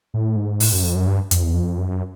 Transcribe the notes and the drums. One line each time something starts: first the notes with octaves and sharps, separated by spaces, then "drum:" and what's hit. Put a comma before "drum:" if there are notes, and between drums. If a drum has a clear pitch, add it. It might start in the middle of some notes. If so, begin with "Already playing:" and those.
A2
G#2
A2, drum: open hi-hat
F#2
F2
F#2
G2
F2, drum: hi-hat
E2
F2
F#2